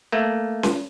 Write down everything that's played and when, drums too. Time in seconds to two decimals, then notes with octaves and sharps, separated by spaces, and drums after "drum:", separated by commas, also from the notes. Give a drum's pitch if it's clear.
0.12 A3 A#3
0.63 drum: snare C#4